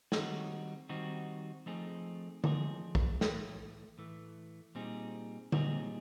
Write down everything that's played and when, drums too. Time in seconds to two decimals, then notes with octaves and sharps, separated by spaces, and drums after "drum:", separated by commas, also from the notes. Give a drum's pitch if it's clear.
0.12 D#3 G3 C4 D#4 F#4, drum: snare
0.89 D#3 G3 C4 D#4 F#4
1.66 F3 A3 C4 D#4 G#4
2.44 F3 A3 C4 D#4 G#4, drum: tom D3
2.95 drum: kick
3.21 A2 E3 A3, drum: snare
3.98 A2 E3 A3
4.75 A#2 G3 C4 D#4 G#4
5.52 A#2 G3 C4 D#4 G#4, drum: tom D3